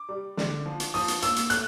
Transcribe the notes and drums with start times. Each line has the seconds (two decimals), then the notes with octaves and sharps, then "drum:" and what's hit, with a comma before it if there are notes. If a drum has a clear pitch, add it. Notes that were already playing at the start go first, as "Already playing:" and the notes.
Already playing: D6
0.09 G3
0.37 D3, drum: snare
0.66 F3
0.80 drum: hi-hat
0.94 F3 D#6, drum: open hi-hat
1.08 drum: hi-hat
1.22 A#3 E6, drum: hi-hat
1.36 drum: hi-hat
1.50 A3 F#6, drum: hi-hat